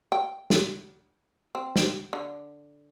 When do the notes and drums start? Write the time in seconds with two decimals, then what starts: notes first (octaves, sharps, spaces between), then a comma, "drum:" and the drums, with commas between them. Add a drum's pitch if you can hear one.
0.12 G5
0.50 drum: snare
1.55 C4
1.76 drum: snare
2.13 D3